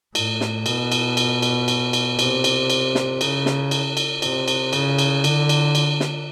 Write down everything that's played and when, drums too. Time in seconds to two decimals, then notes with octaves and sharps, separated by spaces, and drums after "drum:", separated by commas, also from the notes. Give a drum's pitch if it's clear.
0.15 A2, drum: cymbal
0.41 drum: snare
0.66 B2, drum: cymbal
0.92 drum: cymbal
1.17 drum: cymbal
1.42 drum: cymbal
1.68 drum: cymbal
1.93 drum: cymbal
2.19 C3, drum: cymbal
2.44 drum: cymbal
2.70 drum: cymbal
2.95 drum: snare
3.21 C#3, drum: cymbal
3.46 drum: snare
3.71 drum: cymbal
3.97 drum: cymbal
4.22 C3, drum: cymbal
4.48 drum: cymbal
4.73 C#3, drum: cymbal
4.98 drum: cymbal
5.24 D3, drum: cymbal
5.49 drum: cymbal
5.75 drum: cymbal
6.00 drum: snare